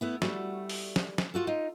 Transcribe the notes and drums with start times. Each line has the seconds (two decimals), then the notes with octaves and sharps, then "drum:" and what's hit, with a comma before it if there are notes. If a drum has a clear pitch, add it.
0.01 A3 B3 E4
0.22 G3 A3 F#4, drum: snare
0.69 drum: open hi-hat
0.96 drum: snare
1.18 drum: snare
1.34 F4 F#4 A4
1.47 D#4 F4